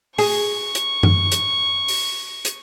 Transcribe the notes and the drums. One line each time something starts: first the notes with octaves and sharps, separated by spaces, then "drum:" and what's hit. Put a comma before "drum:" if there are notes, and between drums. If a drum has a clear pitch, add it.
G#4 C#6, drum: open hi-hat
drum: hi-hat
drum: tom F#2
drum: hi-hat
drum: open hi-hat
drum: hi-hat